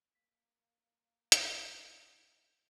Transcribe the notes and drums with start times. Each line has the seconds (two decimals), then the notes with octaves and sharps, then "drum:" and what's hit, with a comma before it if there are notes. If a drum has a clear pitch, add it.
0.15 A#3 F5 B6
1.32 drum: hi-hat